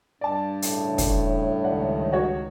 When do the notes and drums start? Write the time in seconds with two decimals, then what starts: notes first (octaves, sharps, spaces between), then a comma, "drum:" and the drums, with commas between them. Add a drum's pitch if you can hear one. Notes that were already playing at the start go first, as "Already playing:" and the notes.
0.21 G2 D5 A5
0.62 A2 C#3, drum: hi-hat
0.98 drum: kick, hi-hat
1.64 C#2 D#3 D4 F#5
2.12 F#4 C#5